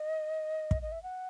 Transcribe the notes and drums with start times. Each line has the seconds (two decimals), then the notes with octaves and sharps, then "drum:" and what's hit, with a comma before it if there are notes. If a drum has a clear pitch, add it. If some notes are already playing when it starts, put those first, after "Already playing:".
Already playing: D#5
0.71 drum: kick
0.82 D#5
0.92 E5
1.03 F#5